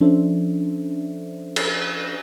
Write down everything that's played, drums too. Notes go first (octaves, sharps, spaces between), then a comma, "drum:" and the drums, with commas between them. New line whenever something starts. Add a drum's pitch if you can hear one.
F3 C#4 D4 A4 C5 E5
drum: cymbal